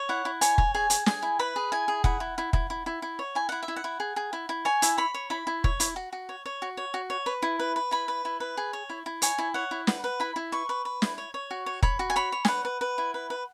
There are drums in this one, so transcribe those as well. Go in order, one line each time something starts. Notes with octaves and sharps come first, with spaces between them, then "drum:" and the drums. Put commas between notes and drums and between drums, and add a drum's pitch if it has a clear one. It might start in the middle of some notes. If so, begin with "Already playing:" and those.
Already playing: C#5
E4 F#5
E4
C#5 G#5, drum: hi-hat
C#5, drum: kick F1
G#4 G#5
G#4, drum: hi-hat
G#4 G#5, drum: snare
E4
B4 B5
G#4
E4 G#5
G#4
E4 F#5, drum: kick F1
E4
E4
E4, drum: kick F1
E4
E4
E4
C#5
E4 G#5
E4 F#5
E5
E4
F#5
E4
G#4
G#4
E4
E4
C#5 G#5
E4, drum: hi-hat
C#5 B5
C#5
E4 B5
E4
C#5, drum: kick F1
E4, drum: hi-hat
F#4
F#4
C#5
C#5
F#4
C#5
F#4
C#5
B4
E4
B4
B4
E4 B5
B4
E4
B4
G#4
C#5
E4
E4
C#5 G#5, drum: hi-hat
E4
C#5 F#5
E4
B4 F#5, drum: snare
B4
E4 B5
E4
B4 C#6
B4
B4
E4, drum: snare
C#5
C#5
F#4
C#5
C#5 B5, drum: kick F1
F#4
G#5
C#5 B5
C#5
G#5, drum: snare
B4 F#5
B4
B4
E4
B4
B4